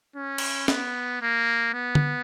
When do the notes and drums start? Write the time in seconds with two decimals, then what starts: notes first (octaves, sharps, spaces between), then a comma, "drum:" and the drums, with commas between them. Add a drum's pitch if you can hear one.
0.16 C#4
0.38 drum: cymbal
0.68 B3, drum: snare
1.22 A#3
1.74 B3
1.95 drum: tom D3